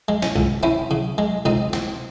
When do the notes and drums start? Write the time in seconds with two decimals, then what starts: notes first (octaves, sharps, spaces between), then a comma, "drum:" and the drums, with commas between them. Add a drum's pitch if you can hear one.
0.08 G#3
0.22 C#4, drum: snare
0.36 C#2, drum: kick
0.63 C4 C#4 E4
0.91 C#3
1.18 G#3
1.45 C#2 C4 D#4
1.73 C4, drum: snare